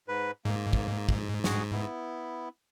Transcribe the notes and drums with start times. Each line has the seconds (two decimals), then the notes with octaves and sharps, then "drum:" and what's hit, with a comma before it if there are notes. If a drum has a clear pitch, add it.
0.08 G#2 B4
0.45 G#2 A#3
0.73 drum: kick
1.09 drum: kick
1.44 F#4 G#4, drum: snare
1.72 B3 E4